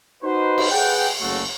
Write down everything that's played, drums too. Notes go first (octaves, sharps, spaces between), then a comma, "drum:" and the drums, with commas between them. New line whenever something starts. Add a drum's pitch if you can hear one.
D#4 F#4 B4 C5
drum: cymbal
G#4 B4 F#5 G5
F#1 C#3 A3 F#4